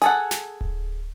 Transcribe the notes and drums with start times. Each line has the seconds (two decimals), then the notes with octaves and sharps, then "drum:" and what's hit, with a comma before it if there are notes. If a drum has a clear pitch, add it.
0.02 G#4 A4 F#5, drum: hi-hat
0.31 drum: snare
0.61 drum: kick D1